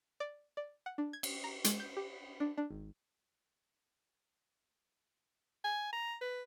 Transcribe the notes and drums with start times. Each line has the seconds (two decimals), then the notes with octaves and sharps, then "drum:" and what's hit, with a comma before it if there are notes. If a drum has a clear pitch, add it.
0.20 D5
0.57 D5
0.86 F#5
0.98 D4
1.13 G#6
1.23 drum: cymbal
1.44 A#5
1.64 G#3, drum: hi-hat
1.80 G6
1.97 G4
2.40 D4
2.57 D4
2.71 G#1
5.64 G#5
5.93 A#5
6.21 B4